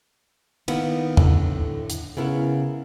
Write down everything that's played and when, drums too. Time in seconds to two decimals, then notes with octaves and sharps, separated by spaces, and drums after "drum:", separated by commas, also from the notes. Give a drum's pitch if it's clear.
0.68 D#3 A#3 B3 E4, drum: cymbal
1.17 A2 D3, drum: tom E2
1.90 drum: hi-hat
2.17 C#3 B3 E4 A#4